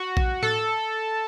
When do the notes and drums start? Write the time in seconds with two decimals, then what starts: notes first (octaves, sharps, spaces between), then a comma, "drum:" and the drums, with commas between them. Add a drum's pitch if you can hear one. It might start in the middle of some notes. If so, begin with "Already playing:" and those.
Already playing: F#4
0.17 drum: kick A#1
0.43 A4, drum: tom A2